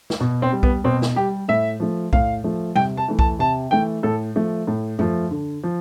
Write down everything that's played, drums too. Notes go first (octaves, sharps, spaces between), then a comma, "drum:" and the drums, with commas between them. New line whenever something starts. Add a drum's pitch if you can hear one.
drum: snare
B2
C4
G3
B3, drum: kick B1
B2 C4
drum: snare
G3 G4
A2 E5
F3 A3
A2 F5, drum: kick B1
F3 A3
C3 G5, drum: tom G3
A5
E3 A3
A5, drum: kick B1
C3 A5
E3 A3 G5
A2 A4
F3 A3
A2
F3 A3, drum: tom F#2
D3
F3